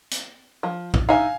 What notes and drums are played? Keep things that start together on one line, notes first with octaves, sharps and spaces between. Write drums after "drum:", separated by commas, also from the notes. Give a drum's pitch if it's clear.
drum: hi-hat
F3
drum: kick A#1
D#4 E5 F5 G#5